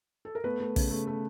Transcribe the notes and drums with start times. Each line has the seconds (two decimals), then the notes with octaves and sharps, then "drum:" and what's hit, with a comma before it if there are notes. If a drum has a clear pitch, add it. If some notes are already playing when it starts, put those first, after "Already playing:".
0.25 A4
0.35 A#4
0.44 A3 B3 B4
0.60 A3
0.76 C#3, drum: kick, open hi-hat
0.91 A3
1.07 A3